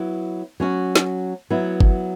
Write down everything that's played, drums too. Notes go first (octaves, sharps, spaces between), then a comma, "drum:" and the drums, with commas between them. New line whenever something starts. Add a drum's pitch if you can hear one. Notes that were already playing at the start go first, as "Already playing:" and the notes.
Already playing: F#3 B3 E4
F#3 C#4 F#4
drum: snare
F#3 B3 E4
drum: kick